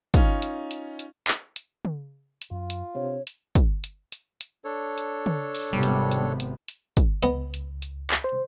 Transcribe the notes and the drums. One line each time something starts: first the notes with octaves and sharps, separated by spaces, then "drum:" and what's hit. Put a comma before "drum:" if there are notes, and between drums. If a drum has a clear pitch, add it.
C#4 D#4 F4, drum: kick, hi-hat
drum: hi-hat
drum: hi-hat
drum: hi-hat
drum: clap
drum: hi-hat
drum: tom
drum: hi-hat
F#2 F#3 F4
drum: hi-hat
C3 D4 C#5
drum: hi-hat
drum: kick, hi-hat
drum: hi-hat
drum: hi-hat
drum: hi-hat
D4 A4 C#5
drum: hi-hat
drum: tom
drum: open hi-hat
G#1 C3 G3 B3
drum: hi-hat
drum: hi-hat
drum: hi-hat
drum: hi-hat
drum: kick, hi-hat
C#2 B3 D#5, drum: hi-hat
drum: hi-hat
drum: hi-hat
drum: clap
C5